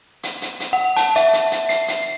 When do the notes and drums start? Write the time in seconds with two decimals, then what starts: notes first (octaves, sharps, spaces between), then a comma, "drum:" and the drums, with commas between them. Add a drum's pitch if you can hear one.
0.23 drum: hi-hat
0.42 drum: hi-hat
0.60 drum: hi-hat
0.73 F#5
0.97 A5, drum: hi-hat
1.16 E5, drum: hi-hat
1.33 drum: hi-hat
1.51 drum: hi-hat
1.69 C7, drum: hi-hat
1.88 drum: hi-hat